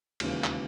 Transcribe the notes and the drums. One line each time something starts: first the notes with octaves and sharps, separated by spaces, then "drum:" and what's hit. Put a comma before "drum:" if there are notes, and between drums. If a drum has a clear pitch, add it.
E1 D#2 C#3 E3, drum: cymbal
drum: clap